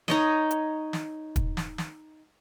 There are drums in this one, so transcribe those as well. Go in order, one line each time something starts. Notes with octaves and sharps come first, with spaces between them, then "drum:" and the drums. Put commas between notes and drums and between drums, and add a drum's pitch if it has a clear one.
D#4 C#5 D#5, drum: snare
drum: hi-hat
drum: snare
drum: kick, hi-hat
drum: snare
drum: snare